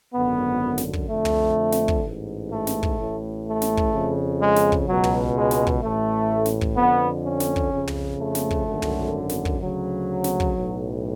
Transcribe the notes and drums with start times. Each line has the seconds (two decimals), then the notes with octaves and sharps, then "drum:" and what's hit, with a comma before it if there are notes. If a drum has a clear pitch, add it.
0.14 G#1 F#2 D3 B3
0.78 drum: snare
0.93 drum: kick
1.09 F2 D3 A3
1.25 drum: tom
1.72 drum: snare
1.88 drum: kick
2.04 A1 G#2
2.51 A3
2.67 drum: snare
2.83 drum: kick
2.98 A1 A2
3.46 A3
3.62 drum: snare
3.77 drum: kick
3.93 F2 C#3
4.40 G#3
4.56 drum: snare
4.72 drum: kick
4.87 C#2 B2 F#3
5.04 drum: tom
5.35 G#3
5.51 drum: snare
5.67 drum: kick
5.82 A1 A2 A3
6.45 drum: snare
6.61 drum: kick
6.76 F2 D3 B3
7.24 C#4
7.40 drum: snare
7.56 drum: kick
7.72 F2 C#3
7.87 drum: tom
8.19 A3
8.35 drum: snare
8.51 drum: kick
8.66 G#1 F#2 D3
8.82 drum: tom
9.29 drum: snare
9.45 drum: kick
9.61 D2 C#3 F#3
10.24 drum: snare
10.40 drum: kick
10.56 B1 A2